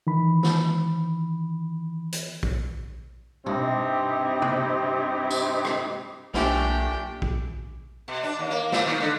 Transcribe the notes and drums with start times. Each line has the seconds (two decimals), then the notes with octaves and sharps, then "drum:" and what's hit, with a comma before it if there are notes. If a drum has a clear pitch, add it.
0.07 D#3 E3 B5
0.43 drum: snare
2.13 drum: hi-hat
2.43 drum: kick A#1
3.46 G2 C3 C4 D#4 E4 G4, drum: tom B2
4.42 drum: tom C3
5.30 drum: tambourine
5.65 drum: rim click
6.34 B1 A#2 A3 D4 G4 G5 F7, drum: snare
7.22 drum: kick A#1
8.08 B2
8.23 D4
8.39 D#2
8.51 A#3
8.72 A#2, drum: snare
8.86 D#3
9.00 D3